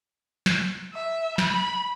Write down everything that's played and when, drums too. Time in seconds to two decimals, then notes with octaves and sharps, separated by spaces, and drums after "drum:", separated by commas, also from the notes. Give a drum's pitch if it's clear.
0.46 drum: snare
0.93 E5
1.38 B5, drum: snare